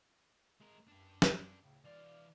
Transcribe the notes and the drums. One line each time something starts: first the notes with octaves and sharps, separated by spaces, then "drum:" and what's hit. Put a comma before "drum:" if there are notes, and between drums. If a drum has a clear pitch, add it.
G#3 A#4
F#2 D4 G4
drum: snare
D2 A2 C#3
E3 D5 F5